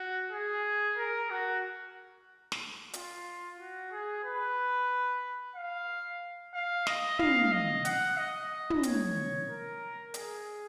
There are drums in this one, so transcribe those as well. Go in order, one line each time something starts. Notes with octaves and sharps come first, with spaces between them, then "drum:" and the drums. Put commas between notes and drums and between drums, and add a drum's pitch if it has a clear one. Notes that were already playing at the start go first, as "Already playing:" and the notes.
Already playing: F#4
G#4
A#4
F#4
drum: snare
F4, drum: hi-hat
F#4
G#4
B4
F5
F5
D#5, drum: snare
F5, drum: tom
D#5
F#5, drum: hi-hat
D#5
drum: tom
C#5, drum: hi-hat
A#4
G#4, drum: hi-hat